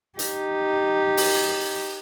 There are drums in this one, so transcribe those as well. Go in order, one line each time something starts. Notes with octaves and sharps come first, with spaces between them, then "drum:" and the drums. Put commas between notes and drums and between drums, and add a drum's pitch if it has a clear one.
D#4 G4, drum: hi-hat
drum: open hi-hat